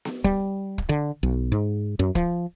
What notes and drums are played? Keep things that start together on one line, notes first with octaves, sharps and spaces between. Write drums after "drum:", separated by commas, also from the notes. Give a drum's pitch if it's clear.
drum: snare B3
G3, drum: kick
drum: kick
D3
B1
G#2
F#2
F3, drum: kick